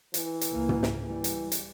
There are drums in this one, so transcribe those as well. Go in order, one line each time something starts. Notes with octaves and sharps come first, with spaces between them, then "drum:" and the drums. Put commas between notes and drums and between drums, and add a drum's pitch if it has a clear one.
E3, drum: hi-hat
drum: hi-hat
C#2 A#3
drum: tom
drum: snare
E3 G3
drum: hi-hat
drum: hi-hat